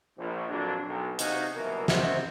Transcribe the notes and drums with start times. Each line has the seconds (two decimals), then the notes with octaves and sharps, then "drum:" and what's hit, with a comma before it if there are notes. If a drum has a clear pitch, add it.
0.17 A#1
0.49 F2 A#2 D3 F#3 A#3 D4
0.87 B1
1.19 C3 D#4 F#4 D#5 F5 G#5, drum: hi-hat
1.56 F#1 C2 B2 E3 E4 A#4
1.88 C4 C#4 F#4 C5 D#5 E5, drum: snare